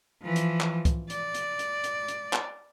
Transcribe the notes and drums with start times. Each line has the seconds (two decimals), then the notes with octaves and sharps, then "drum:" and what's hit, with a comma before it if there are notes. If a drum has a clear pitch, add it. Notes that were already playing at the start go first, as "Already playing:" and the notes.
0.22 E3 F3
0.36 drum: hi-hat
0.61 drum: clap
0.85 drum: kick, hi-hat
1.10 D5, drum: hi-hat
1.34 drum: hi-hat
1.59 drum: hi-hat
1.84 drum: hi-hat
2.08 drum: hi-hat
2.33 drum: clap